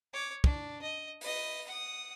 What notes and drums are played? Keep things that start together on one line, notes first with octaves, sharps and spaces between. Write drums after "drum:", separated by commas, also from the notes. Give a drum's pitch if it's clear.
C#5 D6
D4, drum: kick
D#5
B4 D#5, drum: open hi-hat
F#5 D#6